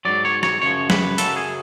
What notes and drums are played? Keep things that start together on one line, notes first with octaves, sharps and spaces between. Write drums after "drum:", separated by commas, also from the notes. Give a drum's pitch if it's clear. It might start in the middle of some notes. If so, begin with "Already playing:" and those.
G#2 F#3 D5
C#5
C#5, drum: rim click
F#2 C#3 F3 C#5
B4, drum: snare
F#2 C#3 F#3 A4, drum: hi-hat
G#4